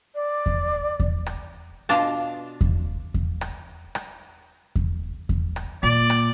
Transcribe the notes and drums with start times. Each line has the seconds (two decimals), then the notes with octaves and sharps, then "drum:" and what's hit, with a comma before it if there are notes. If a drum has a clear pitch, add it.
0.15 D5
0.46 drum: kick E2
1.00 drum: kick E2
1.26 drum: rim click
1.89 B2 D4 F4 D#5 F5 A5
2.61 drum: kick E2
3.14 drum: kick E2
3.41 drum: rim click
3.95 drum: rim click
4.76 drum: kick E2
5.29 drum: kick E2
5.56 drum: rim click
5.83 A#2 D5
6.10 drum: rim click